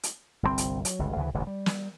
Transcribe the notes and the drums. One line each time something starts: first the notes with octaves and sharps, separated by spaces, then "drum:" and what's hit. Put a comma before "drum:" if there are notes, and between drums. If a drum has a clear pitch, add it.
drum: hi-hat
G1 C2 C3 C4
drum: hi-hat
F#3, drum: hi-hat
G1 C#2
D2 C#3 E3
E1 A1 G2 D3
G3
drum: snare